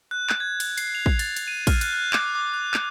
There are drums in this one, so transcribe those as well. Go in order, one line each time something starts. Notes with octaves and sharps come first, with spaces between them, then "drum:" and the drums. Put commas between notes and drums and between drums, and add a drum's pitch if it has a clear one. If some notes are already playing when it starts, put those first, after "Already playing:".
F#6
drum: clap
G#6
drum: cymbal
C7, drum: cymbal
F7
drum: kick
A6, drum: cymbal
drum: cymbal
D#7
F6, drum: kick, cymbal
F#6, drum: cymbal
F#6
D6, drum: clap
D6
F#6
drum: clap